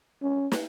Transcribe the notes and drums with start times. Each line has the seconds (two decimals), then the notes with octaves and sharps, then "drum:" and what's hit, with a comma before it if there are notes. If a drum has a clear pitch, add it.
0.22 C#4
0.52 drum: snare